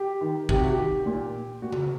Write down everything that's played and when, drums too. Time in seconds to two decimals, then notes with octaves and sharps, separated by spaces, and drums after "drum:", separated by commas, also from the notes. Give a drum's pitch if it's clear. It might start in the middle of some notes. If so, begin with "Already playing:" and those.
Already playing: G4
0.21 D#3
0.49 C3 G4, drum: kick
0.60 F#4
0.70 G4
0.78 D#3
1.06 A#2
1.62 A#2 F#4
1.72 drum: tom C#3